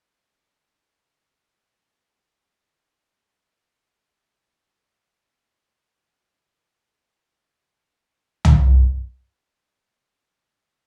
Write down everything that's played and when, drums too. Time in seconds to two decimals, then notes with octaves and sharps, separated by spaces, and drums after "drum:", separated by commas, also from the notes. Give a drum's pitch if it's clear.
0.23 D#4
0.43 F#4
0.61 A3
0.81 F5
1.33 F5
1.51 D3
1.70 D2
1.89 A#4
2.28 G#3
3.44 C#4 F4
3.89 C5 E5 A#5 C6
4.98 A#5
5.14 F#6
5.32 G3
5.44 C#6
5.58 A#2
5.74 B5
5.88 G4
6.11 A#5
6.23 D6
6.42 G6
6.58 D4
6.74 E5
7.25 D#4 F4 F#4 D#5 A5 A#5
8.45 drum: tom
9.06 A4
9.57 B1 C3